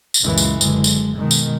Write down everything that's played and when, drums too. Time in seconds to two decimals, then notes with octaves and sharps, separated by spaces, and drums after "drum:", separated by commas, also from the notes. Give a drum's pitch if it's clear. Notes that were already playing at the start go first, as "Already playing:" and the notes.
0.14 drum: tambourine
0.24 C#2 F#2 A#2 C#3 E3 G#3
0.38 drum: tambourine
0.61 F#1 D3 G#3, drum: tambourine
0.84 drum: tambourine
1.16 B2 D#3 G#3
1.31 drum: tambourine